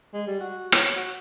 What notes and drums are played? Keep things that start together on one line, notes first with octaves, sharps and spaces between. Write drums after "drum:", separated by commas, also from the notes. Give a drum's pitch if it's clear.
G#3
G3
F#4
C#5, drum: rim click
F#4